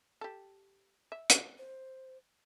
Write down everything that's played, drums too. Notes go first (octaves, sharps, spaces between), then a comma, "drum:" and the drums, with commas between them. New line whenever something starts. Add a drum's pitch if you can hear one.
G4 A4
E5
drum: hi-hat
C5